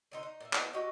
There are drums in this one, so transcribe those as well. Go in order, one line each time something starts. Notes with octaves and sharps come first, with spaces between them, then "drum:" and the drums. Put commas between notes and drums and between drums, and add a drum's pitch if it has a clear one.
D3 D#4 C5
D#4
A#2 E5
B3 E4 D5 D#5, drum: clap
F#4 G4 A4 D#5